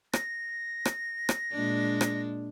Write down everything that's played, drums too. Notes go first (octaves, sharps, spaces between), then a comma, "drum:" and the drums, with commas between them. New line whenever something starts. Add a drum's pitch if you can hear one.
A#6, drum: rim click
drum: rim click
drum: rim click
A#2 G#3 D4
drum: rim click